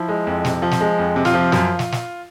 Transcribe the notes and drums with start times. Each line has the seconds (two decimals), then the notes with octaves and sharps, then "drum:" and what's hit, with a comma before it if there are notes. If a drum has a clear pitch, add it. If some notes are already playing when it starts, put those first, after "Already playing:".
Already playing: F3 E4
0.09 G#3
0.27 F2
0.45 C3, drum: snare
0.62 F3
0.71 drum: snare
0.81 G#3
0.99 F2
1.16 C3
1.25 F4, drum: snare
1.34 F3
1.52 F#2, drum: snare
1.79 drum: snare
1.92 drum: snare